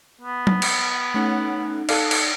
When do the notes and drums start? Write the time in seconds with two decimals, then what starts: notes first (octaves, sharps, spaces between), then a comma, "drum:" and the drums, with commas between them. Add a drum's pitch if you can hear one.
0.21 B3
0.47 drum: tom F#3
0.62 drum: cymbal
1.14 A3 C#4 D#4 F#5
1.89 A4 D5 F5 D#6 F#6, drum: cymbal
2.11 drum: cymbal